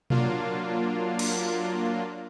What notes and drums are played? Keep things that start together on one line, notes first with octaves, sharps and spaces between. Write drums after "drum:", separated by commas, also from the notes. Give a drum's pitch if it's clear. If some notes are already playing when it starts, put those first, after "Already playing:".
F#3 A#3 D4 F4, drum: tom B2
drum: cymbal